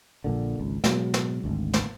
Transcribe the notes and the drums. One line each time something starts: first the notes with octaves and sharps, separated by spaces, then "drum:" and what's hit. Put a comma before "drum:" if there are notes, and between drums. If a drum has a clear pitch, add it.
A#1 A#2 D3
G#1 C#2
B2 F#3 G#3, drum: snare
drum: snare
G#1 D2
drum: snare